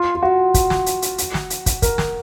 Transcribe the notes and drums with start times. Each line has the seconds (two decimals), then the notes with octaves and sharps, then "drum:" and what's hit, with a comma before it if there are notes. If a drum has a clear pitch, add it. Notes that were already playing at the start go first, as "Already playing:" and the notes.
Already playing: F4
0.15 F4
0.23 F#4
0.54 drum: kick, hi-hat
0.70 drum: snare
0.86 drum: hi-hat
1.02 drum: hi-hat
1.18 drum: hi-hat
1.34 drum: snare
1.50 drum: hi-hat
1.66 drum: kick, hi-hat
1.82 A#4, drum: kick, hi-hat
1.98 drum: snare